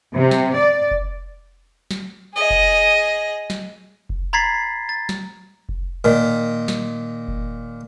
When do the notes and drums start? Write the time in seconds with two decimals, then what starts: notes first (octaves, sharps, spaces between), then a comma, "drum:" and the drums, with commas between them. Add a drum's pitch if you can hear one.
0.15 C3
0.31 drum: snare
0.57 D5
0.91 drum: kick F1
1.91 drum: snare
2.34 G#4 D#5
2.50 drum: kick F1
3.50 drum: snare
4.09 drum: kick F1
4.33 A#5 B5 G#6 A6 B6 C7
4.89 A6
5.09 drum: snare
5.69 drum: kick F1
6.04 A#2 D#3
6.68 drum: snare
7.28 drum: kick F1